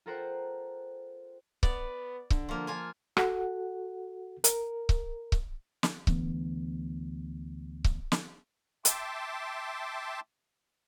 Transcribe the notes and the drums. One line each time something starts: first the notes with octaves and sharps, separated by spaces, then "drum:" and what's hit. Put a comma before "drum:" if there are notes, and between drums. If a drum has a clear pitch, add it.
F4 A4 A#4 C5 F#5 G5
B3 D5, drum: kick C#1
D3, drum: kick C#1
F3 A#3
A#3 F4 G#5
F#4 A4 F#5, drum: rim click
A#4, drum: hi-hat
drum: kick C#1
drum: kick C#1
drum: snare
D2 E3 B3, drum: kick C#1
drum: kick C#1
drum: snare
E5 G5 A5 C6 D6, drum: hi-hat